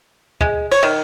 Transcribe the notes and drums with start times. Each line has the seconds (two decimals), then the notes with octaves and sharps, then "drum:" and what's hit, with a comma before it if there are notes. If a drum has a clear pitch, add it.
0.41 G#3, drum: kick C#2
0.71 C#5, drum: cymbal
0.83 D#3